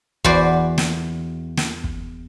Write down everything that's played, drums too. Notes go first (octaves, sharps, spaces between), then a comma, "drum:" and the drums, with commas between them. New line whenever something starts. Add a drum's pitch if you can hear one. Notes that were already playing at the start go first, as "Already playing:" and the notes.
E2 F#4 B4 C5 D5, drum: kick
drum: snare
drum: snare
drum: kick